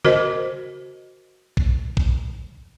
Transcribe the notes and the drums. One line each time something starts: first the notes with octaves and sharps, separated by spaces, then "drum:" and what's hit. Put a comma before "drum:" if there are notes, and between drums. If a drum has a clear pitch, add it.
F#4 A#4 C5 D#5, drum: tom C#3
drum: kick
drum: kick